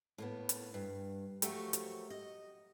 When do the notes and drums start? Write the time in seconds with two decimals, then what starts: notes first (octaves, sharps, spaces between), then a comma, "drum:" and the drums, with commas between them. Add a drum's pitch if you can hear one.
0.18 A2 A#3 B3
0.49 drum: hi-hat
0.74 G2
1.42 F3 F#3 A3 F#4 G4 A#4, drum: hi-hat
1.73 drum: hi-hat
2.10 D#5